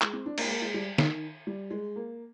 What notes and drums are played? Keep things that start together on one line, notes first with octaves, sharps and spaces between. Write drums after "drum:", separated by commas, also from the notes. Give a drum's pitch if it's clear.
G#3, drum: clap
C4
D4
A#3, drum: cymbal
G#3
A#3
G#3
G3
D#3, drum: snare
G3
G#3
A#3